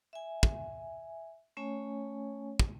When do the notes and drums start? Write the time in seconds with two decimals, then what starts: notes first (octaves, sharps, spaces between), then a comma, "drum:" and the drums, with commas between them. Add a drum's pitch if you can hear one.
0.13 E5 G#5
0.43 drum: kick
1.57 A3 C#4 C#5 G#5
2.59 drum: kick